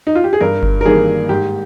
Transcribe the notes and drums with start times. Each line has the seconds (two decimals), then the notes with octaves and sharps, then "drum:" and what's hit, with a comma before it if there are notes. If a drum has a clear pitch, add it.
0.07 D#4
0.15 F4
0.24 G4
0.33 G#4
0.41 G2 A#4
0.63 drum: kick F#1
0.81 A#4
0.85 D#3 G3 A#3 G#4
1.29 G#2 G4